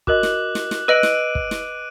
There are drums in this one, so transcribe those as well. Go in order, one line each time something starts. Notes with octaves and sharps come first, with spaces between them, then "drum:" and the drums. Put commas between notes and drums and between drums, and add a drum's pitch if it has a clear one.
F#4 A#4 D#5 D6 F#6 F#7, drum: kick
drum: snare
drum: snare
drum: snare
B4 D#5 E6 F#6 D7 D#7 F#7
drum: snare
drum: kick
drum: snare